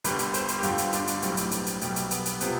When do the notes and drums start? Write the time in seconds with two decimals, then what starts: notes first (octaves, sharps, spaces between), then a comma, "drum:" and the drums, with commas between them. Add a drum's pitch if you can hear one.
0.04 G1 G2 D3 G3 B4, drum: hi-hat
0.19 drum: hi-hat
0.34 C5, drum: hi-hat
0.48 drum: hi-hat
0.59 G4
0.63 G1 G2 D3 F4, drum: hi-hat
0.78 drum: hi-hat
0.93 D4, drum: hi-hat
1.07 drum: hi-hat
1.22 B1 A2 G3 C4, drum: hi-hat
1.37 drum: hi-hat
1.51 B3, drum: hi-hat
1.66 drum: hi-hat
1.81 B1 B2 G3 B3, drum: hi-hat
1.96 drum: hi-hat
2.11 B3, drum: hi-hat
2.25 drum: hi-hat
2.41 C3 F3 B3, drum: hi-hat